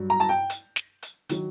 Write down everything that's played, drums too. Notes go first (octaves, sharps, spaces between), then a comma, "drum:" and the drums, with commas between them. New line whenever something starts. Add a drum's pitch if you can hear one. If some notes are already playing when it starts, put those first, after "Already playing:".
Already playing: G2 F#3
A#5
A5
G5
drum: hi-hat
drum: snare
drum: hi-hat
D#3 F#3, drum: hi-hat